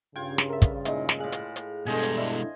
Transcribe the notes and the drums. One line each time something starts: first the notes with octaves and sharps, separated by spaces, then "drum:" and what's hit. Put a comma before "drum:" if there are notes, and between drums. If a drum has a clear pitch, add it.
G2 C#3 F4 G5 G#6
drum: snare
A#4 E5
drum: kick, hi-hat
A#2 G#3 D#4 E4, drum: hi-hat
drum: snare
A2 G#4 F5 F#6
drum: hi-hat
drum: hi-hat
G2 B2 G#3 A4 C5 D#5 G#5
drum: hi-hat
D4 E4